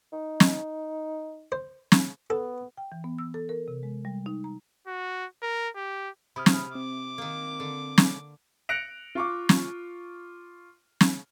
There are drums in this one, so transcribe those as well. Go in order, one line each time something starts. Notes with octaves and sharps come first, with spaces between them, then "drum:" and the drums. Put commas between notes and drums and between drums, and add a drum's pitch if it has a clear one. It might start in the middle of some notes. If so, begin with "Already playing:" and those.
D#4
drum: snare
C5
drum: snare
B3 A4
G5
E3
B3
E6
A4
A#4
C3
G#3
G3
D#4
A#5
F#4
A#4
G4
C3 E4 B5 D#6 F6
drum: snare
C4 D6
D#3 A#3
D3
drum: snare
F#6 A#6 C#7 D7 F7
F4 C#6 D6
drum: snare
drum: snare